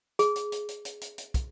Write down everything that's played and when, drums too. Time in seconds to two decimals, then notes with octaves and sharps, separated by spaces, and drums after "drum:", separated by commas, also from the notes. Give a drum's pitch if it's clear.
0.19 G#4, drum: hi-hat
0.36 drum: hi-hat
0.52 drum: hi-hat
0.69 drum: hi-hat
0.85 drum: hi-hat
1.01 drum: hi-hat
1.18 drum: hi-hat
1.34 drum: kick, hi-hat